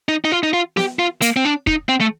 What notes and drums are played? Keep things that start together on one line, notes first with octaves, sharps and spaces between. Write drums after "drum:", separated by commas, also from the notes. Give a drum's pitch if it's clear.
D#4
D#4
F4
D#4
F4
G4, drum: snare B3
F4
A#3, drum: hi-hat
C4
D4
D#4, drum: kick
C4
A3